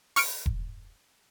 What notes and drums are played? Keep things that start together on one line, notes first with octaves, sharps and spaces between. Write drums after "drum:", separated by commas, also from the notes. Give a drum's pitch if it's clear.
C#6 F6 C#7 D7, drum: open hi-hat
drum: kick E1